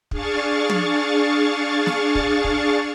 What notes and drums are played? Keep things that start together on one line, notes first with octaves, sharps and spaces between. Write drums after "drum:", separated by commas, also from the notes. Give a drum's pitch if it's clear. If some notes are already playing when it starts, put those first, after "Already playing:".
D4 G#4 F5 C#6 A6, drum: kick
drum: tom
drum: snare
drum: kick
drum: kick